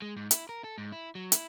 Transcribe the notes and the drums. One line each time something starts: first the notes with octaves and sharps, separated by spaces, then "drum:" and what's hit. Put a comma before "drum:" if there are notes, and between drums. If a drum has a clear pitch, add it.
G#3
G#2
E4, drum: hi-hat
A#4
A4
G#2
E4
F#3
E4, drum: hi-hat